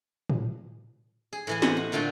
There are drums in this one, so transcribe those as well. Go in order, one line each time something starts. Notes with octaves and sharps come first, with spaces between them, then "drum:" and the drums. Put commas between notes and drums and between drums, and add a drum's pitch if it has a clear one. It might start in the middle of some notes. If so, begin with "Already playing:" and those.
drum: tom A2
G#4
A2 E3 G#5
C5 D#5 F#5, drum: snare
F#4
A#2 D3 A3 F4 G5